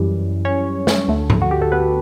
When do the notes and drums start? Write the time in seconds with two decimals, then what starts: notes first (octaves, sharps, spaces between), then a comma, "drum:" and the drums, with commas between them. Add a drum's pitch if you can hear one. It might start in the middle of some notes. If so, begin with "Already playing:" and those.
Already playing: F#2 E3 G3
0.45 C#4 C#5
0.87 drum: snare
1.08 D2 D3 A3
1.30 drum: tom G#2
1.42 F#4
1.51 G4
1.62 A4
1.72 B3 B4